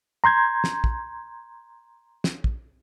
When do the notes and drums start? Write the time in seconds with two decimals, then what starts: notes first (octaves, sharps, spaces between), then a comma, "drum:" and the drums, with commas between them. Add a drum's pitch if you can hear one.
0.24 A#5 C6 G6 G#6
0.64 drum: snare
0.84 drum: kick
2.24 drum: snare
2.44 drum: kick